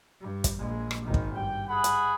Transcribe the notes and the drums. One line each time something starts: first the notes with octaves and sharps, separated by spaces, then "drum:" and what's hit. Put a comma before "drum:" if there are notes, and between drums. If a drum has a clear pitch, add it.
G2
drum: kick, hi-hat
A#1 G#3
drum: rim click
G#1 D#3
drum: kick
G2 G5
G#4 F#5 B5
drum: hi-hat